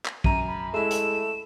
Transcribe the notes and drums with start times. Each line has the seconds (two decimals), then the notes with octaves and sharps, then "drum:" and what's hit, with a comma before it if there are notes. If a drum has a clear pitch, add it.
0.06 drum: clap
0.24 F#2 A#5 D#7, drum: kick
0.47 B5
0.74 G#3 A3 E4 E7
0.91 drum: hi-hat